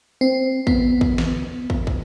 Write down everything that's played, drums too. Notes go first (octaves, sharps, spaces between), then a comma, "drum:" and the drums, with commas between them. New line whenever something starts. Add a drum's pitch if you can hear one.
C4
B3, drum: kick
drum: kick
drum: snare
drum: kick
drum: kick